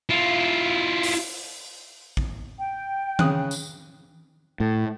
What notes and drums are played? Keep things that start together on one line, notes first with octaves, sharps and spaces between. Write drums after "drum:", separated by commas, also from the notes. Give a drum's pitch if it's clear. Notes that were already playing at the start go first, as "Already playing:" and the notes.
E4 F4
drum: open hi-hat
drum: kick
G5
C#3 D#6 F#6, drum: tom D#3
drum: tambourine
A2